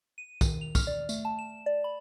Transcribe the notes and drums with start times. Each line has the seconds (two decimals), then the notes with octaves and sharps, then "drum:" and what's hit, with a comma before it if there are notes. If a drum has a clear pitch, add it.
0.18 D#7
0.41 D#3, drum: kick, tambourine
0.61 F7
0.75 F6, drum: kick, tambourine
0.87 D5
1.09 A3, drum: tambourine
1.25 A5
1.39 E7
1.66 D5
1.84 B5